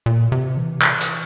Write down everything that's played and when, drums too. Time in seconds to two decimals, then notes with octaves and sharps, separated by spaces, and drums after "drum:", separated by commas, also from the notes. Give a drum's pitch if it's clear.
0.06 A#2
0.32 C3
0.57 E3
0.82 drum: clap
1.00 drum: hi-hat